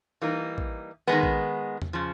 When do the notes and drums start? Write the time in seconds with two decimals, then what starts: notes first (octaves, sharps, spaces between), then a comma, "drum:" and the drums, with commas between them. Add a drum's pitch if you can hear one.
0.22 E3 G3 A#3 D#4
0.58 drum: kick
1.07 D#3 G#3 B3
1.23 drum: kick
1.82 drum: tom E2
1.93 C#3 F3